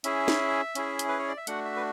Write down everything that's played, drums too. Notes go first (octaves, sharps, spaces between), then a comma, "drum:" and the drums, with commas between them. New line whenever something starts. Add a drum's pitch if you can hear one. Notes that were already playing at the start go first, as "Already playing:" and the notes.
C#4 E4 G#4 E5, drum: hi-hat
drum: snare
C#4 E4 G#4, drum: hi-hat
drum: hi-hat
B4
C#5
D5
E5
A3 D4 F#4 F#5, drum: hi-hat
E5
B4